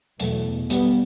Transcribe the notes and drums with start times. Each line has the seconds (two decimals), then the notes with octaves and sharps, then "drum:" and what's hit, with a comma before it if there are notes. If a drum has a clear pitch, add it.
0.20 E2 B2 F#3 A3, drum: hi-hat
0.70 G3 B3, drum: hi-hat